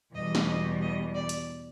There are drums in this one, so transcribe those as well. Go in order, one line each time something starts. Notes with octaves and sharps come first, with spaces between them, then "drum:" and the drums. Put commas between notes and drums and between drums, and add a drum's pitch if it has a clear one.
E2 B2 G3 D#5
drum: snare
D#5
D#5
D5
drum: hi-hat